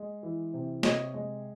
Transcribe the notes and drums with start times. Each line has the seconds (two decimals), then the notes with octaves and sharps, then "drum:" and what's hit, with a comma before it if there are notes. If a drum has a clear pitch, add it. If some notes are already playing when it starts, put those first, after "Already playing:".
Already playing: G#3
0.23 E3
0.54 C3
0.83 C3 C#5 D#5, drum: snare
1.14 G#3